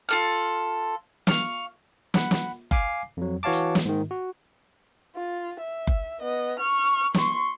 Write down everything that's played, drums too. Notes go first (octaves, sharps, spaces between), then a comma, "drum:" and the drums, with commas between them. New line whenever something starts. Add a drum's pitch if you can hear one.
F4 A4 F6
F5 C#6, drum: snare
F#5 B5, drum: snare
drum: snare
F5 G#5 D6 C7, drum: kick F#1
F2 F#3
E3 F#4 C#5 F5 A5 D6
drum: hi-hat
drum: snare
G#2 D#3
F#4
F4
E5
drum: kick F#1
B3 D#5
C#6 F6
C6 C#6, drum: snare